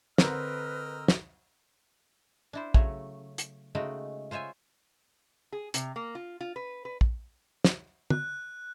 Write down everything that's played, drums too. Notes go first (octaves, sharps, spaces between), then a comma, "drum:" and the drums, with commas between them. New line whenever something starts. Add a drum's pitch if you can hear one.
D3 C4 A#4 B4 D#5 E6 F6, drum: snare
drum: snare
D4 E4 C5
C#3 F#3 A3 C#5, drum: kick
drum: hi-hat
C#3 G#3 A3 D#4 F#4 G5
F4 C5 C#5 E5 G#5
G#4
C3, drum: hi-hat
A#3
F4
F4
B4
B4
drum: kick
drum: snare
F#6, drum: tom